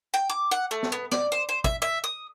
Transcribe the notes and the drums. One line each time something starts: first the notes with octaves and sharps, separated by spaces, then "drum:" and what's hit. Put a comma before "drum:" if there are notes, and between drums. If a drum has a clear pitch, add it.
G5
D6
F#5
A3
drum: snare
B3
D5, drum: snare
C5
C5
E5, drum: kick
E5
D#6